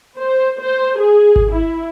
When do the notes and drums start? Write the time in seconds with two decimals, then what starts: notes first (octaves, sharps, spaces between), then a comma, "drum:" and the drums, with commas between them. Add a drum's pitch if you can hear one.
0.17 C5
0.60 C5
0.98 G#4
1.36 drum: kick G#1
1.52 E4